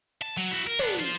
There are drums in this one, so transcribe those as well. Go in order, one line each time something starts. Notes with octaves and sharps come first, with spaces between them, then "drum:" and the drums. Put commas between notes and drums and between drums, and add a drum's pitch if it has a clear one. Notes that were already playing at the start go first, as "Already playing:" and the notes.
A5
F#3
E4 F#4
A#4
B3 D4, drum: tom
F4 C5